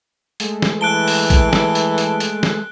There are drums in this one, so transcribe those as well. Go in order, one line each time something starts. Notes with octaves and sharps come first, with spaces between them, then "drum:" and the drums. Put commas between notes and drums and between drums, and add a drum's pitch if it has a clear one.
G#3 A3, drum: hi-hat
drum: snare
E3 A5 F#6 D7 G7
drum: open hi-hat
drum: kick A1, hi-hat
drum: snare
drum: hi-hat
drum: hi-hat
drum: hi-hat
drum: snare